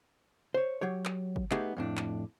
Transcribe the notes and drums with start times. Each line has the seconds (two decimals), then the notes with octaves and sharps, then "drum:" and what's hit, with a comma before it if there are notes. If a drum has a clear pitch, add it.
0.54 C5 C#5
0.81 F#3 G4 C#5
1.05 drum: clap
1.36 drum: kick G1
1.51 A3 B3 D#4 G4 G#4, drum: clap
1.77 F2 A2 D4
1.97 drum: clap